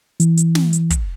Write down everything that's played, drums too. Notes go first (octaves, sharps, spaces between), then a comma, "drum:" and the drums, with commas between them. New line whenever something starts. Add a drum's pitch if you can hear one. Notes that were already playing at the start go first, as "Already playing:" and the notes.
E3, drum: hi-hat
drum: hi-hat
drum: snare
drum: hi-hat
drum: kick, hi-hat